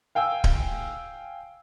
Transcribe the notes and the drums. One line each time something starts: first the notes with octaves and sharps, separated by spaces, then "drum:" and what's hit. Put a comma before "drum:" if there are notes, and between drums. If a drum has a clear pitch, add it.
F5 G5 G#5 E6
drum: kick D1